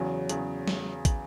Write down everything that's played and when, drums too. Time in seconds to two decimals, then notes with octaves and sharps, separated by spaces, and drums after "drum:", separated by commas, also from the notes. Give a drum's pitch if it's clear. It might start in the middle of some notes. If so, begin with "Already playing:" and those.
Already playing: E2 C#3 F#3
0.29 E2 C#3 F#3, drum: hi-hat
0.68 drum: snare
1.05 drum: kick, hi-hat